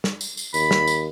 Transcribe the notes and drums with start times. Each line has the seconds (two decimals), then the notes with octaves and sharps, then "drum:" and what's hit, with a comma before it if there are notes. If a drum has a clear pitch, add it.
0.04 drum: snare
0.21 drum: tambourine
0.37 drum: tambourine
0.54 D#2 B5, drum: tambourine
0.71 drum: snare
0.87 drum: tambourine